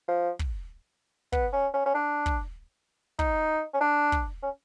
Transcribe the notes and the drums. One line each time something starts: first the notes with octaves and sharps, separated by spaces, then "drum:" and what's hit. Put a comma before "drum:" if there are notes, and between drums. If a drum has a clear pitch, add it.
F3
drum: kick
B3, drum: kick
C#4
C#4
C#4
D4
drum: kick
D#4, drum: kick
C#4
D4
drum: kick
C#4